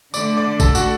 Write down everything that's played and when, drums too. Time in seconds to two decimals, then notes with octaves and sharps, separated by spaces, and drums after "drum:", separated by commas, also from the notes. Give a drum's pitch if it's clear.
0.14 D3 A3 D4 D5 D6, drum: tambourine
0.37 D5 D6
0.60 A4 A5, drum: kick G#1, tambourine
0.75 F#4 F#5, drum: tambourine